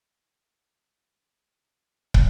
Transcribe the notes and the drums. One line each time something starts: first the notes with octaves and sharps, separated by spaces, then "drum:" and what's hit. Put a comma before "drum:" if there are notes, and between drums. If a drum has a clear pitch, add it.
D#3 G#3 A3
F4 A4
A#1 E2 F3 G4 C#5
B5
D1 G4 B4 D6
drum: kick